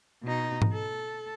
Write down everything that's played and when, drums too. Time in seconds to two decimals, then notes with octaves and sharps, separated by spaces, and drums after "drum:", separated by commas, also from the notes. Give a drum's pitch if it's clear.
0.23 B2 D#4
0.62 drum: tom G#2
0.74 A4